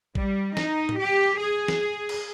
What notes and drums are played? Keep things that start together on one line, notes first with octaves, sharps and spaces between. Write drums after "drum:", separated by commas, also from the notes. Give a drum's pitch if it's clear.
G3, drum: kick
D#4, drum: snare
drum: tom A2
G4
G#4
drum: snare
drum: cymbal